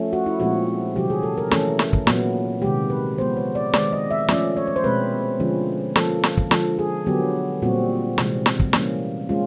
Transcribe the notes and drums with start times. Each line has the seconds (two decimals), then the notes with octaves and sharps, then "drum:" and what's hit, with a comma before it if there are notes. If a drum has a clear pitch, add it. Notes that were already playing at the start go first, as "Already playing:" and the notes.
Already playing: F3 A3 C#4
0.13 F#4
0.26 E4
0.40 A#2 F3 G#3 C4 F#4
0.95 C3 D#3 F#3 G4
1.10 G#4
1.23 A4
1.37 A#4
1.51 E3 A3 C#4 A4, drum: snare
1.79 drum: snare
1.93 drum: kick
2.07 A#2 F#3 B3, drum: snare
2.62 C3 D#3 G#3 G4
2.90 B4
3.18 F3 G#3 B3 C5
3.37 C#5
3.55 D5
3.73 D#3 G#3 C4 D5, drum: snare
3.92 D#5
4.11 E5
4.28 F3 A3 C#4 D5, drum: snare
4.57 C#5
4.67 C#5
4.76 C5
4.84 B2 G#3 C4 B4
5.40 D3 F3 G#3 C#4
5.96 F3 A#3 C#4 A4, drum: snare
6.23 drum: snare
6.37 drum: kick
6.51 D3 F3 G#3 A4, drum: snare
6.79 G#4
7.06 D3 F#3 B3 G4
7.62 A#2 G3 C4 F#4
8.18 C3 E3 G#3 C4, drum: snare
8.46 drum: snare
8.60 drum: kick
8.73 E3 G3 A#3 C#4, drum: snare
9.29 G#3 C#4 F4